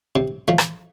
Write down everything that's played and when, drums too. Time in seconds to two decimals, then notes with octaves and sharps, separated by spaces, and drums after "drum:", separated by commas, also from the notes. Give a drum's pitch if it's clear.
0.16 C3
0.48 F3 A3
0.58 drum: rim click